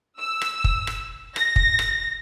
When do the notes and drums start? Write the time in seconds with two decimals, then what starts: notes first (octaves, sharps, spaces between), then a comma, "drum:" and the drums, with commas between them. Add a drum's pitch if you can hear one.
0.19 E6
0.42 drum: rim click
0.64 drum: kick
0.87 drum: rim click
1.36 A#6, drum: rim click
1.56 drum: kick
1.79 drum: rim click